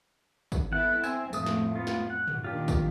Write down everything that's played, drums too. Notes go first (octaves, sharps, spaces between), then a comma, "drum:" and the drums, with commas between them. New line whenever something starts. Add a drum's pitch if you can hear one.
drum: kick, tambourine
B3 E4 A4 F#5
C4 E5 G#5, drum: tambourine
F2 A2 A3 D#6, drum: tambourine
drum: snare
B3 F4
drum: snare
F#5
drum: tom
A#2 D#3 D4 F4 G4
drum: kick, tambourine